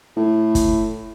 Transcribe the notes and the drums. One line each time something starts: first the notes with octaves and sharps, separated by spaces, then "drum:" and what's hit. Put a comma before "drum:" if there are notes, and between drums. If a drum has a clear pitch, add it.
A2
drum: kick, hi-hat